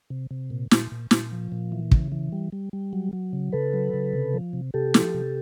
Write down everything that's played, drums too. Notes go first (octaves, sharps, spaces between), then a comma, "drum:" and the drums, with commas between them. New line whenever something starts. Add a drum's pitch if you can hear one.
C3
C3
A#2
A#2, drum: snare
A#2
A#2, drum: snare
F3
A#2
E3
C#3, drum: kick
E3
G3
G3
G3
F#3
F#3
C#3
C#3 A4 B4
F#3
C#3
C3
F3
C3
C3 G4 A4
F3, drum: snare
C3